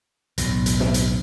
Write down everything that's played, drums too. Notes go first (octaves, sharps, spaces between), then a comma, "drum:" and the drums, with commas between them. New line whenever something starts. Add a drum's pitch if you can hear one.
B1 E2 A2, drum: hi-hat
drum: hi-hat
drum: snare
drum: hi-hat